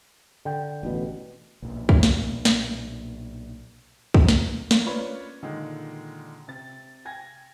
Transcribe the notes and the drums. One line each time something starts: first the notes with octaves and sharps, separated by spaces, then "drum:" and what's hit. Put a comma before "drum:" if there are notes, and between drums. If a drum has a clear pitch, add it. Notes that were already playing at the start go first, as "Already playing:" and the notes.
D3 G5
A1 B2
B1 A#2
drum: kick
drum: snare
drum: snare
drum: kick
drum: snare
drum: snare
C#4 D4 F4 A#4 B4 C#5
A#2 D3 D#3 G#3
C3 A6
G5 G#5 G#6 A#6